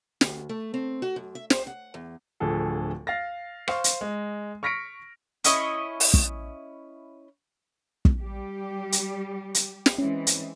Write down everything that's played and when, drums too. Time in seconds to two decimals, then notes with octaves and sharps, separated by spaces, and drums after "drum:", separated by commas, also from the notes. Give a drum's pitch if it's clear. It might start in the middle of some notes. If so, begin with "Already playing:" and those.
0.21 D2, drum: snare
0.49 A3
0.74 C4
1.02 F#4
1.16 F#2
1.35 E5
1.50 C5, drum: snare
1.67 F#5
1.94 E2
2.40 D1 D2 D3 F3 G#4 A4
3.07 F5 A6 A#6
3.68 C5 F5 C#6, drum: rim click
3.84 drum: hi-hat
4.01 G#3
4.63 C#6 F6 A#6 B6 C#7 D7
5.44 C#4 E4 D#5 C#6, drum: hi-hat
6.00 drum: open hi-hat
6.14 drum: kick
8.05 drum: kick
8.21 G3 G4
8.92 drum: hi-hat
9.55 drum: hi-hat
9.86 drum: snare
9.98 E3 G#3 C4 C#4
10.27 drum: hi-hat